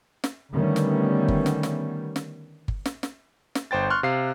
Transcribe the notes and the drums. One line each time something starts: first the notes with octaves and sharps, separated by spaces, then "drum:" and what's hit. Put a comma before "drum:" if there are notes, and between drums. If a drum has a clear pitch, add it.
drum: snare
D3 D#3 G3 A3 B3 C#4
drum: snare
drum: kick G1
drum: snare
drum: snare
drum: snare
drum: kick G1
drum: snare
drum: snare
drum: snare
G1 C5 G5 A6
C6 C#6 F6 F#6
C3 F5 C7